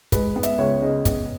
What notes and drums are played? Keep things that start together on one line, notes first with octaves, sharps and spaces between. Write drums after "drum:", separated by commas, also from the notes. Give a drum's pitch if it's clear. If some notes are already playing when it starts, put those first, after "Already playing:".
G#3 B4, drum: kick, hi-hat
B3
E5, drum: hi-hat
C#2 C#5
C#3 D#5
B3, drum: kick, hi-hat